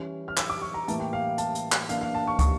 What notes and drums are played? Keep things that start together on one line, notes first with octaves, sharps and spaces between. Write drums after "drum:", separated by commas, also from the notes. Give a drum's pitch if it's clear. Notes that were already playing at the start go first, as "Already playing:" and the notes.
Already playing: E3 G3 C#4
F6
E6, drum: clap
D6
C#6
A#5
A2 E3 G3 A#3 A5, drum: hi-hat
G5
F5
A5, drum: hi-hat
drum: hi-hat
drum: clap
E3 A#3 D4 F5, drum: hi-hat
F5
A5
C#6
C#6, drum: kick, hi-hat